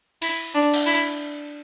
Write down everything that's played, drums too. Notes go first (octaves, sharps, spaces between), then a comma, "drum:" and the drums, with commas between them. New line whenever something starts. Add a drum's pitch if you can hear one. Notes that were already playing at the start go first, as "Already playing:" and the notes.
E4, drum: cymbal
D4
drum: cymbal
E4